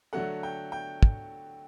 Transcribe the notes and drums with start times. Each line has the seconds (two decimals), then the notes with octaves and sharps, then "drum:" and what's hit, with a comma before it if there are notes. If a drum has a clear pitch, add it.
0.13 D3 F#3 A3 F#5
0.43 G5
0.72 G5
1.03 drum: kick